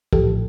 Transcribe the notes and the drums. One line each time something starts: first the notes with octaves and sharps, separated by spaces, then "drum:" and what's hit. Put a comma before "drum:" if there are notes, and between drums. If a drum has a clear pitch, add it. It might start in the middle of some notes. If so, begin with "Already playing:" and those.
A#1 A2 F3 G4 A4, drum: kick